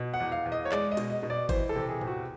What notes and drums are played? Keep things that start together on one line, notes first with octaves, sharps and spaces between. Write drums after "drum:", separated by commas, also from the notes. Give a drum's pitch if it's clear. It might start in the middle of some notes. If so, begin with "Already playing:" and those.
Already playing: B2
F#5
E2
F5
E2
D#5
C#5
G#3 D5, drum: clap
D#5
B2, drum: cymbal
D#5
B2
D5
E3 C5, drum: kick G1, cymbal
A4
C3
G#4
E2, drum: tom A2
F#4